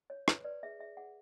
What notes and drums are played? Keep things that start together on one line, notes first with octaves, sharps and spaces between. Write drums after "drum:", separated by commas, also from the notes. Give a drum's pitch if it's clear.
C#5
B4, drum: rim click
B4 D5
G#4 E5
G#4 E5
G#4 F#5